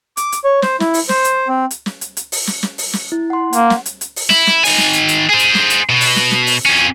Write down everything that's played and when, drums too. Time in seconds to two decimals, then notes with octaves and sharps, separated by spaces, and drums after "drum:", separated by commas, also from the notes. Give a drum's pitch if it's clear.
0.17 D6, drum: hi-hat
0.32 drum: hi-hat
0.44 C#5
0.62 C5, drum: snare
0.80 E4, drum: snare
0.94 drum: open hi-hat
1.09 C5, drum: snare
1.24 drum: hi-hat
1.48 C4
1.71 drum: hi-hat
1.86 drum: snare
2.01 drum: hi-hat
2.17 drum: hi-hat
2.32 drum: open hi-hat
2.47 drum: snare
2.63 drum: snare
2.78 drum: open hi-hat
2.93 drum: snare
3.12 E4
3.30 F#5 C6
3.53 A#3 F#5, drum: hi-hat
3.70 drum: snare
3.86 drum: hi-hat
4.01 drum: hi-hat
4.16 drum: open hi-hat
4.30 E4, drum: snare
4.47 drum: snare
4.64 D#3 G#5, drum: open hi-hat
4.78 drum: snare
4.93 drum: hi-hat
5.08 drum: hi-hat
5.29 G#4 C5
5.39 drum: hi-hat
5.54 drum: snare
5.70 drum: hi-hat
5.89 B2
6.01 drum: open hi-hat
6.16 drum: snare
6.31 drum: snare
6.47 drum: open hi-hat
6.66 F2 C#4